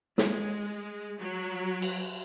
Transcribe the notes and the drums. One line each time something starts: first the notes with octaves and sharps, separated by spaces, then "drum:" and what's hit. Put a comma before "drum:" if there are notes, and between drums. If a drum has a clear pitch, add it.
G#3, drum: snare
F#3
drum: cymbal